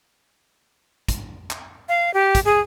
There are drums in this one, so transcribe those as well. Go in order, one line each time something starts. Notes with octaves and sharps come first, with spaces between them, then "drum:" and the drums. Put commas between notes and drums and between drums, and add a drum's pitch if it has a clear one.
drum: kick, hi-hat
drum: clap
F5
G4
drum: kick, hi-hat
G#4